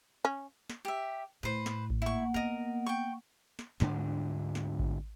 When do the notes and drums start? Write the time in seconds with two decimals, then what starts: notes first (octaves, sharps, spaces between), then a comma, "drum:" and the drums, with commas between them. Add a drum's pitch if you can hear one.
0.25 C#4
0.70 drum: snare
0.85 G4 E5
1.43 A2 B4 C5
1.66 drum: snare
1.90 drum: kick A1
2.02 A#3 E4 F#5 C#6
2.34 B3 A#4 D#5
2.86 G5 C#6
3.59 drum: snare
3.80 D2 G#2 D3 D4, drum: snare
4.55 drum: snare
4.79 drum: kick A1